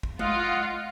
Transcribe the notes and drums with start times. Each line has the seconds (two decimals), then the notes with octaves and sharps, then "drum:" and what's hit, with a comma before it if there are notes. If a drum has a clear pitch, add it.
0.03 drum: kick
0.19 F4 D#5 F5 F#5, drum: tom G#3